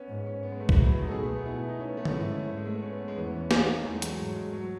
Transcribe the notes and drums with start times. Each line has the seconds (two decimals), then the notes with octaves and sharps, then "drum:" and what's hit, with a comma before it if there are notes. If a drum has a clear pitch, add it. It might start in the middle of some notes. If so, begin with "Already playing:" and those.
Already playing: B3 C#4
0.09 G#2
0.26 C#4
0.43 B3
0.52 G#3
0.60 A3
0.69 G#3, drum: kick C2
0.77 A2 F#3
0.86 G#3
0.95 B3
1.03 D#4
1.08 A4
1.11 B2 G#4
1.23 A3
1.34 B3
1.46 B2 E4
1.57 E4
1.68 D#4
1.80 C#4
1.88 B3
1.97 A3
2.05 G#3, drum: tom D3
2.14 G#2 E4
2.31 C#4
2.48 A3
2.57 G#3
2.65 A3
2.74 B3
2.82 C#4
2.91 B3
3.08 G#3
3.16 E2 B3
3.26 B3
3.34 C#4
3.51 D#4, drum: snare
3.68 C#4
3.85 E2 A3
3.93 G#3
4.02 F#3, drum: hi-hat
4.10 G#3
4.19 G#2 F#3
4.36 G#3
4.53 F#3